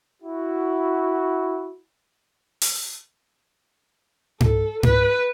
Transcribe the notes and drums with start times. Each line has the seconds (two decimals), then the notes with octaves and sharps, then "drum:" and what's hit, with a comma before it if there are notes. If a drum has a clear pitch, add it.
0.23 E4 F#4
2.62 drum: open hi-hat
4.40 A4, drum: tom G#2
4.83 B4, drum: tom G#2